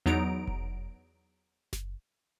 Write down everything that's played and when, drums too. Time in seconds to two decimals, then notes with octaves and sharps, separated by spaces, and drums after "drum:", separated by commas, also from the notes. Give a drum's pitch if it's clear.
0.06 E2 F#3 B3 D#4 A#5 D7
0.47 drum: kick F1
1.73 drum: snare F#1